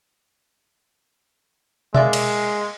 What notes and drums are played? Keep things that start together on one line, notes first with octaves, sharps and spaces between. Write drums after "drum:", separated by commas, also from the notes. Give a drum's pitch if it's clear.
G#3 A#3 D5 E5, drum: tom B2
drum: cymbal